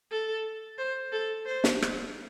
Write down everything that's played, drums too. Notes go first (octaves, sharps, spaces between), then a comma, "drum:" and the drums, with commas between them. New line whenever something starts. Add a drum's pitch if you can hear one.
A4
C5
A4
C5
drum: snare
drum: rim click